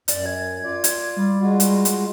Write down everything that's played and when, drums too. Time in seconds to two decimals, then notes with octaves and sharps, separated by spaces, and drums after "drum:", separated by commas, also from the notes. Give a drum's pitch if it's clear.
0.08 F#2 D5, drum: hi-hat
0.26 G#6
0.63 F4 D5
0.84 drum: hi-hat
1.17 G3
1.39 G#3 F4 F#4
1.60 drum: hi-hat
1.85 drum: hi-hat